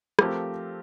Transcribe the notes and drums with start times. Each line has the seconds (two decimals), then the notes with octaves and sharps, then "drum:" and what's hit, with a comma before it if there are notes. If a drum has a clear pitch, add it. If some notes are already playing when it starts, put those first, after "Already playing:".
0.19 F3 A3 C4 G4 A#4, drum: rim click